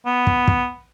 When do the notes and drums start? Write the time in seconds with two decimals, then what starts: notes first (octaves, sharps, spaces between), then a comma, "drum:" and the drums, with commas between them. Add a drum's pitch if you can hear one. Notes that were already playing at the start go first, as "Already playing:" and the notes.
0.06 B3
0.27 drum: kick
0.48 drum: kick